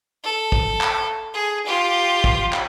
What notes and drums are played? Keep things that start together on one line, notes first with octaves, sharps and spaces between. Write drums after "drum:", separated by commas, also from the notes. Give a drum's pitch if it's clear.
A4
drum: kick
drum: clap
G#4
F4 G4
drum: kick
drum: clap